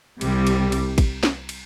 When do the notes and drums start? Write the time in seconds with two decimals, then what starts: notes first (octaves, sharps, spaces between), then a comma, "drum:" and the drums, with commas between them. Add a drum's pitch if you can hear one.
0.21 C2 C3 G3, drum: cymbal
0.47 drum: cymbal
0.72 drum: cymbal
0.98 drum: kick A1, cymbal
1.23 drum: snare
1.49 drum: cymbal